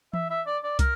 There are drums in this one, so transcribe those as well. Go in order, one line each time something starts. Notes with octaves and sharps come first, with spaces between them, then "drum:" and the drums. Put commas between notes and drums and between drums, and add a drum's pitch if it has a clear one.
E5, drum: tom E3
E5
D5
D5
A#4, drum: kick, hi-hat